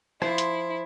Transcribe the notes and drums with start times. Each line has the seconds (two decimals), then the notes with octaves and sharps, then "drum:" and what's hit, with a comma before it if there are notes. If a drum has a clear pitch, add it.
0.22 F3 E4 C5, drum: rim click
0.38 drum: hi-hat